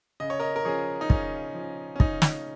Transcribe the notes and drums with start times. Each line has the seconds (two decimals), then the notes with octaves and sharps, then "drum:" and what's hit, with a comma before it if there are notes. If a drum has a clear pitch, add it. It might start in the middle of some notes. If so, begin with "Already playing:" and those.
0.20 C#3 D#5
0.30 C#5
0.40 A#4 D#5
0.56 A#4
0.65 F3 C#4 G#4 C#5
1.01 D#4
1.10 C#3 C#4, drum: kick
1.54 F3 C#4
1.96 C#4
2.00 C#3 D#4, drum: kick
2.22 drum: snare